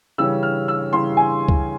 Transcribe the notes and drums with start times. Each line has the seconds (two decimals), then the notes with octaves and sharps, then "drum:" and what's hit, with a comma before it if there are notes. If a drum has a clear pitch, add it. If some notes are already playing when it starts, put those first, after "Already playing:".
0.18 C#3 E3 G3 C#4 E6
0.43 F6
0.68 E6
0.93 C#3 E3 G3 C#4 C6
1.17 G#5
1.49 drum: kick